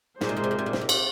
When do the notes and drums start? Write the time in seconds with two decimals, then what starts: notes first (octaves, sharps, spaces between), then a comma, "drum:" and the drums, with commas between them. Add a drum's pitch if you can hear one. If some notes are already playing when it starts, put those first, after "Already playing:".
0.21 A#2 G#3 D#4 G#4 C5, drum: snare
0.29 C3
0.36 A#2
0.44 C3
0.51 A#2
0.59 C3
0.66 A#2
0.73 C3, drum: snare
0.81 A#2
0.89 C3, drum: cymbal